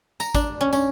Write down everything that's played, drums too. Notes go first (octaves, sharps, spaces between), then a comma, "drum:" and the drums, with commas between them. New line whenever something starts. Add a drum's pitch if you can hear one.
A#5, drum: tambourine
D4, drum: kick, tambourine
C#4
C#4, drum: tambourine